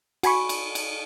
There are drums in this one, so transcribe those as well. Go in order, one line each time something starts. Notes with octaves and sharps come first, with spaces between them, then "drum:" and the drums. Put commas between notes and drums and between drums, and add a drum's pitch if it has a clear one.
F#4 G#5 B5 C#6, drum: cymbal
drum: cymbal
drum: cymbal